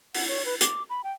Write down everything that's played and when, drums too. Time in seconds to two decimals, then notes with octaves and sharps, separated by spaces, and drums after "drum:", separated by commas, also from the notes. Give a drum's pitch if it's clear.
0.15 F#5, drum: open hi-hat
0.28 C#5
0.45 B4
0.61 D6, drum: hi-hat
0.90 B5
1.04 G5